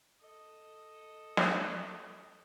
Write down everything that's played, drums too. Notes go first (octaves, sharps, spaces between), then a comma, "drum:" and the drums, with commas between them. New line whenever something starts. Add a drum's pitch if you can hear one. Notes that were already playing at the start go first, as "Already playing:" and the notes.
A4 D#5
drum: snare